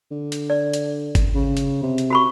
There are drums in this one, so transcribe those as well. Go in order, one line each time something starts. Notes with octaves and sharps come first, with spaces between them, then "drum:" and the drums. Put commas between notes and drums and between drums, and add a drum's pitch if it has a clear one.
D3
drum: hi-hat
D5
drum: hi-hat
drum: kick G1, hi-hat
C#3
drum: hi-hat
C3
drum: hi-hat
F#4 B5 C#6